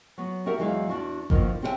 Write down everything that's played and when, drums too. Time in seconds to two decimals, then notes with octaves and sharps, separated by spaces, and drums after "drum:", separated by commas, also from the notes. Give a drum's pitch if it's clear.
0.18 F#3 B3
0.46 F#4 G4 A#4 E5 F#5
0.59 E2 E3 F#3 G#3 E5 F5
0.89 E2 D4 F#4 A5
1.30 B2 D3 D#3 F3 A#3, drum: kick G1
1.62 C4 G4 A4 C#5 E5 G5